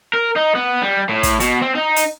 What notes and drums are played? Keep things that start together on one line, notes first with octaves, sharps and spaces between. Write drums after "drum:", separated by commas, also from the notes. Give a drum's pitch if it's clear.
A#4
D#4
B3
G3
A2
drum: kick, hi-hat
B2, drum: hi-hat
C4
D#4
drum: hi-hat